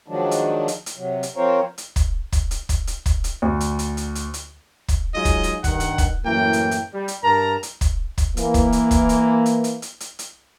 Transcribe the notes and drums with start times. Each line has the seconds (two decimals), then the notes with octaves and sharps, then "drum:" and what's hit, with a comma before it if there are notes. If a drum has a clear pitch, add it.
0.08 D#3 F3 F#3 G#3 D4
0.31 drum: hi-hat
0.68 drum: hi-hat
0.86 drum: hi-hat
0.96 C3 F#3
1.23 drum: hi-hat
1.36 F3 C4 F4 A#4 C5 C#5
1.78 drum: hi-hat
1.96 drum: kick, hi-hat
2.32 drum: kick, hi-hat
2.51 drum: hi-hat
2.69 drum: kick, hi-hat
2.87 drum: hi-hat
3.06 drum: kick, hi-hat
3.24 drum: hi-hat
3.42 D2
3.60 drum: hi-hat
3.79 drum: hi-hat
3.97 drum: hi-hat
4.15 drum: hi-hat
4.34 drum: hi-hat
4.88 drum: kick, hi-hat
5.14 F#3 G#3 D#4 F4 G#4 D#5
5.25 drum: kick, hi-hat
5.43 drum: hi-hat
5.64 G2 D#3 F#5, drum: kick, hi-hat
5.80 drum: hi-hat
5.98 drum: kick, hi-hat
6.25 F#2 A2 E3 A#3 G5
6.53 drum: hi-hat
6.71 drum: hi-hat
6.93 G3
7.08 drum: hi-hat
7.23 G2 A#4 A5 A#5
7.63 drum: hi-hat
7.81 drum: kick, hi-hat
8.18 drum: kick, hi-hat
8.37 E3 A#3, drum: hi-hat
8.54 drum: kick, hi-hat
8.72 drum: hi-hat
8.91 drum: kick, hi-hat
9.09 drum: hi-hat
9.46 drum: hi-hat
9.64 drum: hi-hat
9.82 drum: hi-hat
10.00 drum: hi-hat
10.19 drum: hi-hat